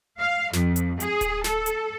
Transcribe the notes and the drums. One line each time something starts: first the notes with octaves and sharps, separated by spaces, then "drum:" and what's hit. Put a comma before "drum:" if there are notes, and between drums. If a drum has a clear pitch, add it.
F5
F2, drum: snare
drum: hi-hat
G#4, drum: hi-hat
drum: kick D1, hi-hat
A4, drum: snare
drum: hi-hat